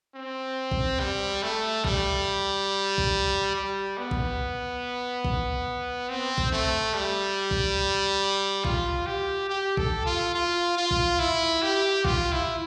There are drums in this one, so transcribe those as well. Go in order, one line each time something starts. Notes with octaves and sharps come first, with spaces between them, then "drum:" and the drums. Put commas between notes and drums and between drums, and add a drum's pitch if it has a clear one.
C4
drum: kick A#1
G3
A3
G3, drum: kick A#1
drum: kick A#1
G3
B3
drum: kick A#1
drum: kick A#1
C4
drum: kick A#1
A3
G3
drum: kick A#1
F4, drum: kick A#1
G4
G4
A4, drum: kick A#1
F4
F4
F4
drum: kick A#1
E4
G4
F4, drum: kick A#1
E4